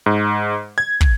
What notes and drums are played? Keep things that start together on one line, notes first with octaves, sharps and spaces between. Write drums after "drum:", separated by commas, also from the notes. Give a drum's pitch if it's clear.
G#2
G#6
drum: kick